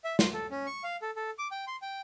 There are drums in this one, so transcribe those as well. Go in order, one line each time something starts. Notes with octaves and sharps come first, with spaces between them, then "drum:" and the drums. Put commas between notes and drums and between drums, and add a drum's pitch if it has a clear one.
E5
C6, drum: snare
A4
C#4
C#6
F5
A4
A4
D6
G5
C6
G5